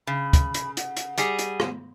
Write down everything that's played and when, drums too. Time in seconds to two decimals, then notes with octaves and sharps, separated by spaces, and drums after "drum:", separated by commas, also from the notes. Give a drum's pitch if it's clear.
0.07 C#3 B5
0.33 drum: kick, hi-hat
0.54 drum: hi-hat
0.77 F#5, drum: hi-hat
0.97 drum: hi-hat
1.18 G3 G#4, drum: hi-hat
1.39 drum: hi-hat
1.60 drum: rim click